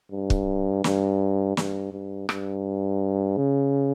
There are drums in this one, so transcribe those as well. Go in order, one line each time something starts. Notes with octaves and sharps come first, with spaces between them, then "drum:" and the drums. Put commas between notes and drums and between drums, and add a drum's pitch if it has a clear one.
G2
drum: kick
G2, drum: snare
G2, drum: snare
G2
G2, drum: rim click
C#3